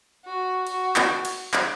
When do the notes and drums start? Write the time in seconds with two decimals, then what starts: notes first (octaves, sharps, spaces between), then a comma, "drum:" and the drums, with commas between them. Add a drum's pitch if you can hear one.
0.24 F#4
0.67 F#4, drum: cymbal
0.96 drum: clap
1.25 drum: cymbal
1.54 drum: clap